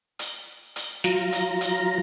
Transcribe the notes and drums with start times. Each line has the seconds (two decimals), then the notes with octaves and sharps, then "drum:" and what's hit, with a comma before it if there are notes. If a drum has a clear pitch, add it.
0.19 drum: hi-hat
0.76 drum: hi-hat
1.04 F#3 F4 A#5, drum: snare
1.32 drum: hi-hat
1.61 drum: hi-hat